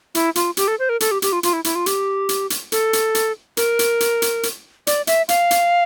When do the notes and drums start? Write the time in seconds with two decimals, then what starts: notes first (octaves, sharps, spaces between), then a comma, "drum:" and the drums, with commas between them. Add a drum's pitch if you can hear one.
0.15 E4, drum: hi-hat
0.35 F4, drum: hi-hat
0.57 G4, drum: hi-hat
0.68 A4
0.79 C5
0.89 A#4
1.00 A4, drum: hi-hat
1.11 G4
1.22 G4, drum: hi-hat
1.32 F4
1.43 F4, drum: hi-hat
1.53 E4
1.64 E4, drum: hi-hat
1.75 F4
1.86 G4, drum: hi-hat
2.29 drum: hi-hat
2.50 drum: hi-hat
2.72 A4, drum: hi-hat
2.93 drum: hi-hat
3.15 drum: hi-hat
3.57 A#4, drum: hi-hat
3.79 drum: hi-hat
4.00 drum: hi-hat
4.22 drum: hi-hat
4.43 drum: hi-hat
4.87 D5, drum: hi-hat
5.07 E5, drum: hi-hat
5.29 F5, drum: hi-hat
5.51 drum: hi-hat